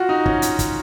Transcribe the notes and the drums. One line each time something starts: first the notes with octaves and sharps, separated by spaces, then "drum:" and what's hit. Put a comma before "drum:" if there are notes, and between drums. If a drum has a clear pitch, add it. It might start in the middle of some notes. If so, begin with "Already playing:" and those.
Already playing: F4 F#4
D#4
C#4, drum: kick
drum: hi-hat
drum: kick, hi-hat